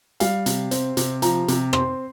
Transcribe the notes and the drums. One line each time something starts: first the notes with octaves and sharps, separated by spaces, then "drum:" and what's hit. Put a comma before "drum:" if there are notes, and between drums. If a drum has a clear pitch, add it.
G3 F5, drum: hi-hat
C3, drum: hi-hat
C4, drum: hi-hat
C3, drum: hi-hat
F3 A#5, drum: hi-hat
C3, drum: hi-hat
C4 C6, drum: rim click